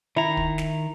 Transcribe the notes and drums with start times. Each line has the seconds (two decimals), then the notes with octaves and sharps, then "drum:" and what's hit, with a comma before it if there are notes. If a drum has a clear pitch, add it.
0.16 D#3 E4 A#5
0.37 drum: kick
0.58 drum: snare